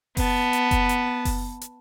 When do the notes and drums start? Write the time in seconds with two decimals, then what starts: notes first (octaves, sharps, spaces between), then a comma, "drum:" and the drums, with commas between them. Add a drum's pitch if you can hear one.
0.17 B3 A5, drum: kick F#1, open hi-hat
0.53 drum: hi-hat
0.71 drum: kick F#1, hi-hat
0.89 drum: hi-hat
1.25 drum: kick F#1, open hi-hat
1.61 drum: hi-hat